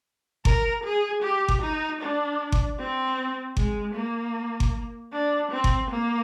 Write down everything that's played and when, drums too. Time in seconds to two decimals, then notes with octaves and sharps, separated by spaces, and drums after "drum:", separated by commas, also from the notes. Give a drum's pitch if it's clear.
0.45 A#4, drum: kick G1
0.84 G#4
1.23 G4
1.49 drum: kick G1
1.62 D#4
2.01 D4
2.52 drum: kick G1
2.79 C4
3.57 G#3, drum: kick G1
3.95 A#3
4.60 drum: kick G1
5.12 D4
5.51 C4
5.64 drum: kick G1
5.90 A#3